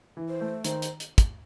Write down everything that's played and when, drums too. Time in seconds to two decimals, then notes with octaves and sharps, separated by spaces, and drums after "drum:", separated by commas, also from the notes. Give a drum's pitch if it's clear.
0.17 E3
0.29 C5
0.41 A3
0.64 D#3 C5, drum: hi-hat
0.82 drum: hi-hat
1.00 drum: hi-hat
1.18 drum: kick, hi-hat